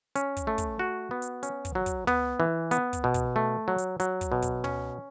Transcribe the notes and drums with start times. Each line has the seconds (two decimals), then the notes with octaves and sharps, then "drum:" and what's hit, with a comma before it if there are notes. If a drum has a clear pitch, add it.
0.16 C#4, drum: hi-hat
0.37 drum: kick, hi-hat
0.47 A3
0.58 drum: kick, hi-hat
0.79 F#4
1.11 B3
1.22 drum: hi-hat
1.43 C#4, drum: hi-hat
1.65 drum: kick, hi-hat
1.75 F#3
1.86 drum: kick, hi-hat
2.07 B3, drum: tom
2.40 E3
2.71 B3, drum: hi-hat
2.93 drum: kick, hi-hat
3.04 B2
3.14 drum: kick, hi-hat
3.36 A3
3.68 F#3
3.78 drum: hi-hat
4.00 F#3, drum: hi-hat
4.21 drum: kick, hi-hat
4.32 B2
4.42 drum: kick, hi-hat
4.64 C#4, drum: tom